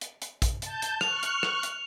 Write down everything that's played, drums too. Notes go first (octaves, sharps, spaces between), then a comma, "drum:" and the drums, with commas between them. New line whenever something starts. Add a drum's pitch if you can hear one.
drum: hi-hat
drum: hi-hat
drum: kick, hi-hat
A5 G6, drum: hi-hat
drum: hi-hat
C#6 F6 F#6 F7, drum: rim click
drum: hi-hat
drum: rim click
drum: hi-hat